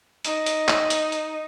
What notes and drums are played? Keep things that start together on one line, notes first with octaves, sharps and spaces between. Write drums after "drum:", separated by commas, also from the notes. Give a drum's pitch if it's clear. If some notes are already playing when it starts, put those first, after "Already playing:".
D#4, drum: hi-hat
drum: hi-hat
drum: clap
drum: hi-hat
drum: hi-hat